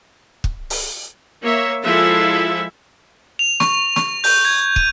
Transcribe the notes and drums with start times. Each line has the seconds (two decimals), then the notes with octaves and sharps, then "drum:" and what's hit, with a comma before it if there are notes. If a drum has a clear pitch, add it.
0.44 drum: kick
0.70 drum: open hi-hat
1.41 A#3 C#5 E5
1.85 F3 G#3 E4 A4 E5
3.39 F7
3.60 C#6, drum: snare
3.96 C#6, drum: snare
4.24 G6, drum: open hi-hat
4.45 G#6
4.76 D#7, drum: kick